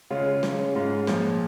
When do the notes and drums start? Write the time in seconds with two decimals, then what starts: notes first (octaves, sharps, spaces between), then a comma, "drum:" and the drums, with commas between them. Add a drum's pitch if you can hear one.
0.10 C#3 G#3 C#4 F4
0.43 C#3 G#3 C#4, drum: snare
0.75 G#2 G#3 C#4 F4
1.07 A#2 F3 G#3, drum: snare